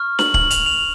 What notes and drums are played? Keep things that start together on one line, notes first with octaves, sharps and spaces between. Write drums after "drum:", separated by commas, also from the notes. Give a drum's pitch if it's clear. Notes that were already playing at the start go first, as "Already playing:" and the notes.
Already playing: C#6 F6
F#7, drum: snare
F#7, drum: kick
F7, drum: hi-hat
F7